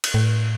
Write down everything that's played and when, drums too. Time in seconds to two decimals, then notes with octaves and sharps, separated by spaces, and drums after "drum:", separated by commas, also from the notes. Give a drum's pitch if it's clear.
0.04 drum: cymbal
0.14 A2